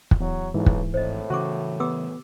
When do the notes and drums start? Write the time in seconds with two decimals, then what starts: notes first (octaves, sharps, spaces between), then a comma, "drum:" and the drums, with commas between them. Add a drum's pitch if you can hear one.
0.11 drum: kick
0.20 E2 F#3
0.54 B1 G#2 E3
0.66 drum: kick
0.94 G#1 A2 C5 D#5
1.30 C#3 E3 C#4 F#4 A5 C#6 D6
1.80 B3 G4 D6 E6